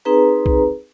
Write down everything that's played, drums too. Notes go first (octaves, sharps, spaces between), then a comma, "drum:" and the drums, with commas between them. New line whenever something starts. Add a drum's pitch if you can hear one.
C4 D#4 G#4 B4 A#5
drum: kick